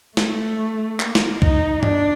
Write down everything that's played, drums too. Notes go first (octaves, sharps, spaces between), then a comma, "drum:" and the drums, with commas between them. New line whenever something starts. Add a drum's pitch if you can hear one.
A3, drum: snare
A#3, drum: clap
drum: snare
D#4, drum: kick
D4, drum: tom G2